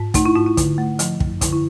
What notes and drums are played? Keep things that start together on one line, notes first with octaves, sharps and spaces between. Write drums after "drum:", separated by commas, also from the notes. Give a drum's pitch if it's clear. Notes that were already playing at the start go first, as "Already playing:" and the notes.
Already playing: G#2
A3 D#4, drum: kick, hi-hat
E4
G#2 F4
E4
D3, drum: kick, hi-hat
A3
F3, drum: hi-hat
F#2, drum: kick
D3 E4, drum: kick, hi-hat
E4